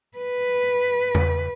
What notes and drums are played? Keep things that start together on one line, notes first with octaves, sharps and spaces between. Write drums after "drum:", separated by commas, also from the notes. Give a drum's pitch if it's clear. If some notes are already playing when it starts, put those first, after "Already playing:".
B4
drum: tom E2